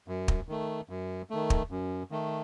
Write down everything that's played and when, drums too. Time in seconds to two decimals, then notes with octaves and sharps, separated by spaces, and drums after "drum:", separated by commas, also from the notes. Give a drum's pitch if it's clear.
0.08 F#2
0.28 drum: kick
0.49 D#3 A3
0.89 F#2
1.30 D#3 A3
1.50 drum: kick
1.70 F#2
2.11 D#3 A3